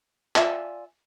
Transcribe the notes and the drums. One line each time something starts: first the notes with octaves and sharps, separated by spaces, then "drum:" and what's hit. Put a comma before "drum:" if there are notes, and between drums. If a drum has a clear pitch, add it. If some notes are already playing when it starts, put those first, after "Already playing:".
F4 D5 E5 G#5, drum: clap